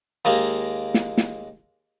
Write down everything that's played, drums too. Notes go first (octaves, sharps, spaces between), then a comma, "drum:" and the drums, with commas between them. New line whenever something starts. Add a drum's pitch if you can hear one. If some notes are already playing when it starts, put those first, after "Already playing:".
D#2 G#3 A#3
drum: snare
drum: snare